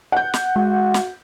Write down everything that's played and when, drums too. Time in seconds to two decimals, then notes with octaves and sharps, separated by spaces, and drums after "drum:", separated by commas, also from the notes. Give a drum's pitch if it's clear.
0.12 F#5 G6
0.34 drum: snare
0.56 G#3 F#4
0.94 drum: snare